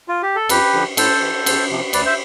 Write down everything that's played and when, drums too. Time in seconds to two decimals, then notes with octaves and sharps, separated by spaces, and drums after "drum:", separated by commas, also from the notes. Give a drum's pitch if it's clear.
0.08 F4
0.23 G4
0.36 A4
0.49 F2 G4 B4, drum: cymbal
0.74 D3 F3
0.97 A2 A4 C5, drum: cymbal
1.21 E3
1.46 E2, drum: cymbal
1.70 C3 F3
1.93 D2 B4 D5, drum: cymbal
2.05 C5 E5